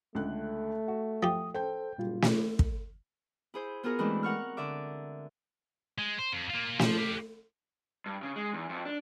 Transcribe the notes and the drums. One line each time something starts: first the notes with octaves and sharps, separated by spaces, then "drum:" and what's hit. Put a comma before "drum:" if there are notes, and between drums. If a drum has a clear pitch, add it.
C#2 D3 A3 F#6
F#4
F3 G4 D#6
A4 C5 G5 G6
F#1 A#2 G3 F4
drum: snare
drum: kick
E4 G#4 C5
B3 F4 F#4 G#4 A#4
E3 G#3 A3 C4 D4 E4
A#4 F#5 C#6 F6
D3 D5 E5 D6
G#3
C5
F2
A#3 F4
F3, drum: snare
G4 F5
G2
C#3
G#3
E2
F2
D4